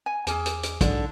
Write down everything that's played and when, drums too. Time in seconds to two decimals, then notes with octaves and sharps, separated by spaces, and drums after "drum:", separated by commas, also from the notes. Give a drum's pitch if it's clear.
0.06 G#5
0.27 E2 G#4 G#5 D6 F6, drum: hi-hat
0.46 drum: hi-hat
0.63 drum: hi-hat
0.81 B1 G#2 D3 F#3 D4, drum: kick, hi-hat